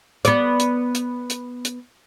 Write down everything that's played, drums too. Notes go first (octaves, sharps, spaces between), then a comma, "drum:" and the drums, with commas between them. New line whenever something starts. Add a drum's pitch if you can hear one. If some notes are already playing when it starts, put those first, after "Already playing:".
B3 D5, drum: hi-hat
drum: hi-hat
drum: hi-hat
drum: hi-hat
drum: hi-hat